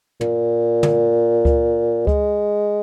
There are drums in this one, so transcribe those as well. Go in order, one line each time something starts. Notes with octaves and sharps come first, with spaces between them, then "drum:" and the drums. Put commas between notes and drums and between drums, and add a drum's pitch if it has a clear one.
A#2, drum: tom
drum: tom
drum: kick C#2
G#3, drum: kick C#2